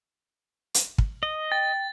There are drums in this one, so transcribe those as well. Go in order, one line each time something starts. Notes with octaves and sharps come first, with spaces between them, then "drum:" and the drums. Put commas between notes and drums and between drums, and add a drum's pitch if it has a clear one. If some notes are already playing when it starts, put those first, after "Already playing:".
drum: hi-hat
drum: kick
D#5
G5 A6